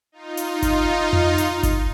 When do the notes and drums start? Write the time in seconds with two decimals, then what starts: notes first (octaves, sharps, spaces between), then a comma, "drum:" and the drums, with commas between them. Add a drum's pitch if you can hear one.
0.12 D#4 F4
0.37 drum: hi-hat
0.62 drum: kick G1, hi-hat
1.13 drum: tom F2
1.38 drum: hi-hat
1.63 drum: kick G1, hi-hat